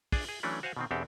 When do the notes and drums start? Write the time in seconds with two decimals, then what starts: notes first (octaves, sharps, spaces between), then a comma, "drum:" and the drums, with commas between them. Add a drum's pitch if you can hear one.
0.12 D4 G#4, drum: kick, open hi-hat
0.29 G#4
0.43 E3 F#3 A3 C#4 D4
0.63 F#4 C5 F5 F#5 G#5
0.77 B2 D#3 C4
0.91 E2 B2 C4 D4 G4 A4